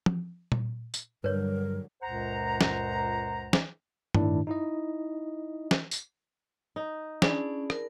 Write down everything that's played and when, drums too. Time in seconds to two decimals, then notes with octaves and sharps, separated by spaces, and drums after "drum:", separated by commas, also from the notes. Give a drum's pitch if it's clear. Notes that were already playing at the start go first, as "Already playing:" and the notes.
0.06 drum: tom F3
0.52 drum: tom A#2
0.94 drum: tambourine
1.24 G2 D3 F#3 G3 A#4 B4 C#5
2.02 C#2 F#2 A#2 C5 F#5 A#5
2.61 drum: snare
3.53 drum: snare
4.14 A2 D#3 D4 E4, drum: tom G2
4.47 D#4 E4 D#5
5.71 drum: snare
5.91 drum: tambourine
6.76 D#4
7.22 C#4 D4 E4 G#4, drum: snare
7.70 A#4, drum: rim click